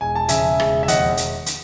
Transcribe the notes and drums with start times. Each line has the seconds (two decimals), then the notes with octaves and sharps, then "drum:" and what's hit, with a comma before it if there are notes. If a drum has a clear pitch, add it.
0.01 E1 G#5
0.15 A5
0.29 C#3 E5 G#5, drum: hi-hat
0.60 E1, drum: rim click
0.83 E5
0.88 D#2 D#5 F#5, drum: hi-hat
1.17 drum: hi-hat
1.46 drum: hi-hat